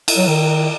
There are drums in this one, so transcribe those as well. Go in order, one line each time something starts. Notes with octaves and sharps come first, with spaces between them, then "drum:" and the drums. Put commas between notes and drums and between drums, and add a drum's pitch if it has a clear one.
drum: cymbal
F#3
D#3